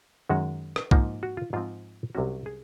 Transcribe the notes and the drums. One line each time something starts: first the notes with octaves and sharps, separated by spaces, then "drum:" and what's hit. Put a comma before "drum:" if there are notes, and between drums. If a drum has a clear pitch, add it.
F#2 D#3 G#3 F#4
drum: rim click
G#2 F3 A#3 D#4, drum: kick B1
F#4
F4
G#2 F3 C4 F4
C2 C3 F#3 C#4 F#4
G#4